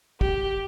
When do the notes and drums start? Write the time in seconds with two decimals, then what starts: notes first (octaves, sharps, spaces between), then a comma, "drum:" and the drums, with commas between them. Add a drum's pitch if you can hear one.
0.21 G4, drum: kick